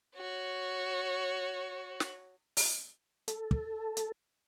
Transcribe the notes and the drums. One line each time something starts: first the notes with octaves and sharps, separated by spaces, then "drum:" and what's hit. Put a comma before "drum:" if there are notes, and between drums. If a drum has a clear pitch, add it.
F#4 C#5
drum: snare
drum: open hi-hat
A4, drum: hi-hat
drum: kick
drum: hi-hat